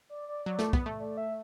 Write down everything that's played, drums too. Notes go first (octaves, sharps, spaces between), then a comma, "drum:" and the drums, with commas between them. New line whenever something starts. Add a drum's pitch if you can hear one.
D5
D5
F#3 D5
A3, drum: snare
B3, drum: kick
A3
D5
E5